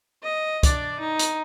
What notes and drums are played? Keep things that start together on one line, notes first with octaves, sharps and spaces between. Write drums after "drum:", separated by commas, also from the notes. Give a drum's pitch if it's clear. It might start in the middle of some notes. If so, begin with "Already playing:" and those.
D#5
D4 D5, drum: kick, hi-hat
D#4
drum: hi-hat